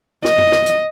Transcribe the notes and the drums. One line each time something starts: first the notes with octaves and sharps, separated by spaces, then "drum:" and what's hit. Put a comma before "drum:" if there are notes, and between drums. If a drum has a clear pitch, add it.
D#5, drum: snare
drum: tom F#2
drum: snare
drum: hi-hat